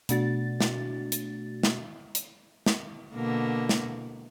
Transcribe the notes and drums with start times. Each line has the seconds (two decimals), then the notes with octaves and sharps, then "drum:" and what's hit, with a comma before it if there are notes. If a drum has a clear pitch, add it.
0.09 B2 A3 D4 F#4 A6, drum: hi-hat
0.61 drum: snare
1.12 drum: hi-hat
1.63 drum: snare
2.15 drum: hi-hat
2.66 drum: snare
3.14 B2 D3 A#3
3.69 drum: snare